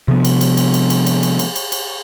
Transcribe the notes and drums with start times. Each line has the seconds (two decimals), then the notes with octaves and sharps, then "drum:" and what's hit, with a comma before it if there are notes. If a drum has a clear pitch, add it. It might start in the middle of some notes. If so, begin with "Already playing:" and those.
0.08 C3 F3 B3
0.25 drum: cymbal
0.41 drum: cymbal
0.57 drum: cymbal
0.74 drum: cymbal
0.90 drum: cymbal
1.06 drum: cymbal
1.23 drum: cymbal
1.39 drum: cymbal
1.56 drum: cymbal
1.72 drum: cymbal